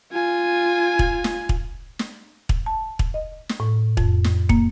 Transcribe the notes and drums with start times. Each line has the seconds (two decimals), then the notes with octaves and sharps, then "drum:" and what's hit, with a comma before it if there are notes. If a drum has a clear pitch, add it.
0.12 F4 G#5
0.99 drum: kick
1.24 drum: snare
1.49 drum: kick
1.99 drum: snare
2.49 drum: kick
2.66 A5
2.99 drum: kick
3.14 D#5
3.49 drum: snare
3.60 A2
3.97 F2, drum: kick
4.24 drum: snare
4.49 A#3, drum: kick